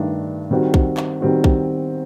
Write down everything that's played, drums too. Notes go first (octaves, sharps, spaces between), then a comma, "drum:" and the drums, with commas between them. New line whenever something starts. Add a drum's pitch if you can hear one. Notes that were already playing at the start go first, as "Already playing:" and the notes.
Already playing: G2 D#3 A3 D4
D#3 G3 C4 F#4
drum: kick B1
drum: clap
D#3 G3 C4 F#4
drum: kick B1